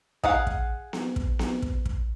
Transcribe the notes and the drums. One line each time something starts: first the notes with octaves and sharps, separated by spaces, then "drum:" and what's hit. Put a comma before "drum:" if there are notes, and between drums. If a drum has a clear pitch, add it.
G#4 F5 F#5, drum: kick
drum: kick
drum: snare B3
drum: kick
drum: snare B3
drum: kick
drum: kick